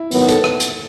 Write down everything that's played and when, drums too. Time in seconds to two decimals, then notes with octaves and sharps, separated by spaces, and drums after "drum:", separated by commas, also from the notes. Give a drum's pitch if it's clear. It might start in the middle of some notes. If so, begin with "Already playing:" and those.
Already playing: E4
0.11 G#2 D#3 F#3 B3, drum: open hi-hat
0.28 A4, drum: hi-hat
0.44 drum: rim click
0.60 drum: hi-hat